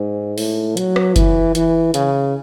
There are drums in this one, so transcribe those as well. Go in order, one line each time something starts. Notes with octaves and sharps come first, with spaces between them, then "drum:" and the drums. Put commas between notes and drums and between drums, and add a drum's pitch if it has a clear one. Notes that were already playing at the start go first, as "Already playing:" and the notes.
Already playing: G#2
A2, drum: open hi-hat
F#3, drum: hi-hat
drum: rim click
E3, drum: kick F#1, hi-hat
E3, drum: hi-hat
C#3, drum: hi-hat